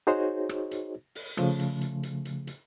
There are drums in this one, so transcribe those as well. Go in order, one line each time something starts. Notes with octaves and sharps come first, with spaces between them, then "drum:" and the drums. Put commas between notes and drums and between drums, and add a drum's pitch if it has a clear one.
D#4 F#4 G#4 C5 C#5 D#5
drum: rim click
drum: hi-hat
drum: open hi-hat
C#3 F3 A3, drum: rim click
drum: hi-hat
drum: hi-hat
drum: hi-hat
drum: hi-hat
drum: hi-hat